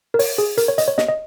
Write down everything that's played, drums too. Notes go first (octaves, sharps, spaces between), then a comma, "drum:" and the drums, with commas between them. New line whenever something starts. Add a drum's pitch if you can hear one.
A#4
C#5, drum: open hi-hat
G#4
A#4, drum: hi-hat
C#5
D#5, drum: hi-hat
C#5
D#5, drum: snare
D#5